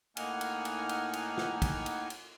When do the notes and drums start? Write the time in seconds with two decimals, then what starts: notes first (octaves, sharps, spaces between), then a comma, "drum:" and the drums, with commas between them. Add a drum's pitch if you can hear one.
0.17 A2 A#3 D#4 F#5 G#5 F6, drum: cymbal
0.41 drum: cymbal
0.65 drum: cymbal
0.89 drum: cymbal
1.13 drum: cymbal
1.38 drum: snare
1.62 drum: kick, cymbal
1.86 drum: cymbal
2.10 drum: cymbal